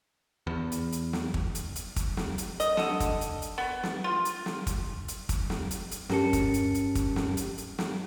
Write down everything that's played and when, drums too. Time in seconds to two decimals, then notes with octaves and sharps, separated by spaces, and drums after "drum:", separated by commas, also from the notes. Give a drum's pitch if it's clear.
0.47 E2
0.72 drum: hi-hat
0.92 drum: hi-hat
1.13 drum: snare
1.34 drum: kick
1.55 drum: hi-hat
1.76 drum: hi-hat
1.96 drum: kick, hi-hat
2.17 drum: snare
2.38 drum: hi-hat
2.60 D#5, drum: hi-hat
2.77 D3, drum: snare
3.00 drum: kick, hi-hat
3.21 drum: hi-hat
3.42 drum: hi-hat
3.58 B3
3.83 drum: snare
4.04 F4
4.25 drum: hi-hat
4.46 drum: snare
4.67 drum: kick, hi-hat
5.08 drum: hi-hat
5.29 drum: kick, hi-hat
5.50 drum: snare
5.71 drum: hi-hat
5.91 drum: hi-hat
6.09 G2 C#4 G4 A#4 A5 C#7, drum: snare
6.33 drum: kick, hi-hat
6.54 drum: hi-hat
6.75 drum: hi-hat
6.95 drum: kick, hi-hat
7.16 drum: snare
7.37 drum: hi-hat
7.58 drum: hi-hat
7.79 drum: snare